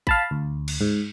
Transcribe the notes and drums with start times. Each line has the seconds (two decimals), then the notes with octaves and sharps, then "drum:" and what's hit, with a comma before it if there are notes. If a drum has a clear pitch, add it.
0.07 F5 A5 B5, drum: kick A1
0.31 D2
0.68 drum: cymbal
0.81 G#2